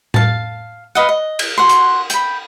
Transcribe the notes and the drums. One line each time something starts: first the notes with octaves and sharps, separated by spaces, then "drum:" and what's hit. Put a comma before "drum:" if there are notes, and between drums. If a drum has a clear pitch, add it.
F5 A5, drum: tom A2
B4 D#5 F5 F#5
D#5
drum: cymbal
F#4 F#5 C6
drum: hi-hat
G5 B5, drum: hi-hat